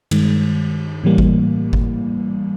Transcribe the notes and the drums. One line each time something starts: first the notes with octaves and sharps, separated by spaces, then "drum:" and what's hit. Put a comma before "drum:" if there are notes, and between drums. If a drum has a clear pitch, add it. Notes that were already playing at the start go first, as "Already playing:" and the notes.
G2 D#3 G#3, drum: cymbal
A2 E3 G3 A#3
drum: kick G1
drum: kick G1